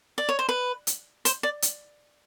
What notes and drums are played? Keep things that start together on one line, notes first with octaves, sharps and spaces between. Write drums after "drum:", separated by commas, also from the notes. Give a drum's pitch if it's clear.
D5
C#5
C5
B4
drum: hi-hat
C5, drum: hi-hat
D5
drum: hi-hat